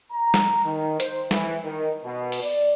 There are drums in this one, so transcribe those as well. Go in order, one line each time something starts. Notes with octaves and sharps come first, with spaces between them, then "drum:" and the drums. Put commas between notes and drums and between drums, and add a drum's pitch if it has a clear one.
A#5
drum: snare
D#3
C5, drum: hi-hat
E3, drum: snare
D#3
B2
drum: open hi-hat
D5